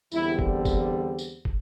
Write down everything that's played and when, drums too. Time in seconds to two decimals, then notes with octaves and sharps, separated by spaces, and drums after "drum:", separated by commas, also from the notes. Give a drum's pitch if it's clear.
0.12 E2 D3 G3 C4 E4, drum: tambourine
0.39 drum: kick
0.65 drum: kick, tambourine
1.19 drum: tambourine
1.45 drum: kick